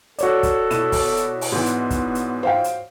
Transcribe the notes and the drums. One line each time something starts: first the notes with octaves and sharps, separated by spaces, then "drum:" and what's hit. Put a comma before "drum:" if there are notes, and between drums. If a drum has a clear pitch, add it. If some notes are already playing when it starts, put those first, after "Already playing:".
F#4 A4 C#5 D5, drum: hi-hat
drum: kick, hi-hat
B2 E4 E7, drum: hi-hat
drum: kick, open hi-hat
drum: hi-hat
drum: open hi-hat
G#2 E3 B3
drum: hi-hat
drum: kick, hi-hat
drum: hi-hat
C5 F5 G5
drum: hi-hat